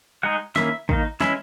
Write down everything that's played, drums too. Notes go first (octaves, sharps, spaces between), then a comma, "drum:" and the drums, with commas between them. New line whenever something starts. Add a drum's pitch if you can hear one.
G#3 D#4 F#5
D#3 A#3 C#4 E4 E5, drum: snare
D#3 A#3 D#4, drum: kick
E3 G#3 C#4 E4 E5, drum: snare